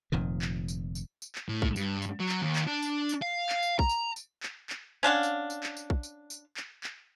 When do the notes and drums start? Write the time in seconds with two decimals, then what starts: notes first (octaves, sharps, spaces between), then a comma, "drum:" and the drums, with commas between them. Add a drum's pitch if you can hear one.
0.12 F1 F2 A#2 D#3
0.42 drum: clap
0.68 drum: tambourine
0.95 drum: tambourine
1.22 drum: tambourine
1.35 drum: clap
1.49 A2
1.62 drum: kick
1.76 G2, drum: tambourine
2.02 drum: tambourine
2.20 F#3
2.29 drum: clap
2.42 D#2
2.56 drum: clap
2.67 D4
2.82 drum: tambourine
3.09 drum: tambourine
3.22 F5
3.49 drum: clap
3.63 drum: tambourine
3.79 A#5, drum: kick
3.89 drum: tambourine
4.16 drum: tambourine
4.43 drum: clap
4.70 drum: clap
5.03 C#4 D4 F5 F#5
5.23 drum: tambourine
5.50 drum: tambourine
5.63 drum: clap
5.77 drum: tambourine
5.90 drum: kick
6.03 drum: tambourine
6.30 drum: tambourine
6.57 drum: clap
6.84 drum: clap